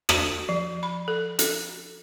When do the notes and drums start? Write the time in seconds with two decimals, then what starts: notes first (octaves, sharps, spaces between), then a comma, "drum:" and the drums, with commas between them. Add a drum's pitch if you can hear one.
0.09 F#4, drum: rim click
0.49 F3
0.83 B5
1.08 A4
1.39 A4, drum: hi-hat